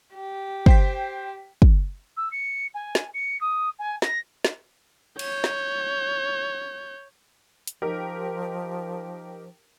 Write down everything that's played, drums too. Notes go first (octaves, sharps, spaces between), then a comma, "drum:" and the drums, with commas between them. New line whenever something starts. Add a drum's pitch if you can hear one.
G4
C5 G5 B6, drum: kick
drum: kick
E6
C#7
G#5
drum: snare
C#7
D#6
G#5
A#6, drum: snare
drum: snare
C#5 G6, drum: cymbal
drum: snare
drum: hi-hat
F3 D#4 G4 A#4